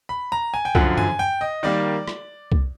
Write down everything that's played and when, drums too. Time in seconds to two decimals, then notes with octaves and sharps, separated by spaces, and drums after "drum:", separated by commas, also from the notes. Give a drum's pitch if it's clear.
0.09 B5
0.32 A#5
0.54 G#5
0.65 G5
0.75 F#2 D3 F3 F#5, drum: kick C2
0.98 G#5, drum: tom G2
1.19 G5
1.41 D#5
1.63 D#3 G3 A#3 D5
2.08 drum: rim click
2.52 drum: kick C2